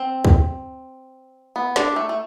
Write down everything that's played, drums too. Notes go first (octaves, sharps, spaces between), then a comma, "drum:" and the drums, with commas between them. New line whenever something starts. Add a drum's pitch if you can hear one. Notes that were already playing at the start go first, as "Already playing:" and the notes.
Already playing: C4
drum: kick
B3
D4, drum: snare
A3
A3